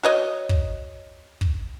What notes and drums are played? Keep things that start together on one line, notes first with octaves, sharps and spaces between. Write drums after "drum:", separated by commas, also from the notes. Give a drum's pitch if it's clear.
F#4 C#5 D#5
drum: kick
drum: kick